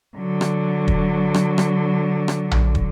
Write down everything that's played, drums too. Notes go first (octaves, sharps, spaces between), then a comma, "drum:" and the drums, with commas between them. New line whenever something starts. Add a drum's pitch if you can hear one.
D3 F#3
drum: rim click
drum: kick
drum: rim click
drum: rim click
drum: rim click
drum: tom A#1
drum: kick